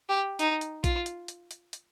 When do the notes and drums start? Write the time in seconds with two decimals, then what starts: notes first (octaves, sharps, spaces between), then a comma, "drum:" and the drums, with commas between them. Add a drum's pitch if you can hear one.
0.09 G4
0.39 D#4, drum: hi-hat
0.61 drum: hi-hat
0.84 F4, drum: kick A#1, hi-hat
1.06 drum: hi-hat
1.28 drum: hi-hat
1.51 drum: hi-hat
1.73 drum: hi-hat